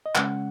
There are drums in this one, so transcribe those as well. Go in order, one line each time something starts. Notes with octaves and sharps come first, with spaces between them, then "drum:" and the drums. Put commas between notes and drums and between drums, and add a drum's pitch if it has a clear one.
D#5
C#3 G#3 C#4 F#5, drum: clap